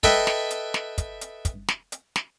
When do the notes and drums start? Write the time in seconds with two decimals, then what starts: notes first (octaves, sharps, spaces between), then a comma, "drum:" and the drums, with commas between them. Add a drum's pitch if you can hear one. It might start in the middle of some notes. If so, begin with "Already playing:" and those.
0.03 A4 B4 D#5 E5 G5, drum: kick, hi-hat
0.27 drum: snare
0.51 drum: hi-hat
0.74 drum: snare
0.98 drum: kick, hi-hat
1.21 drum: hi-hat
1.45 drum: kick, hi-hat
1.68 drum: snare
1.92 drum: hi-hat
2.16 drum: snare